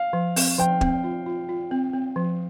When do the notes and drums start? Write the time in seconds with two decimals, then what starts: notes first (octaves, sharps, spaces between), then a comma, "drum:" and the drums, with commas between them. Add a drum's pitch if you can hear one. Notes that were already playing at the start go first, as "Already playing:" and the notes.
Already playing: F5
0.13 F3
0.36 C4, drum: open hi-hat
0.59 F3 G5
0.81 C4, drum: kick
1.04 F4
1.26 F4
1.49 F4
1.71 C4
1.93 C4
2.16 F3